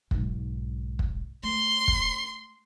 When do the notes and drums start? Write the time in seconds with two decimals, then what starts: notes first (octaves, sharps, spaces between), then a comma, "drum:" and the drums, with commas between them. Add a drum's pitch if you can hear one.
0.11 B1 G#2, drum: kick
0.99 drum: kick
1.43 A3 C6
1.88 drum: kick